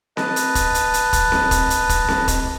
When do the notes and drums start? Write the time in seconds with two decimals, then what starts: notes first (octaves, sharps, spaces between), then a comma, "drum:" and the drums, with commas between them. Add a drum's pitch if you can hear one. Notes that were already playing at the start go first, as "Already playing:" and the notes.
0.17 B4 D#5 A5, drum: snare C4
0.36 drum: hi-hat
0.55 drum: kick, hi-hat
0.74 drum: hi-hat
0.94 drum: hi-hat
1.13 drum: kick, hi-hat
1.32 drum: snare C4
1.51 drum: kick, hi-hat
1.70 drum: hi-hat
1.89 drum: kick, hi-hat
2.08 drum: snare C4
2.28 drum: kick, hi-hat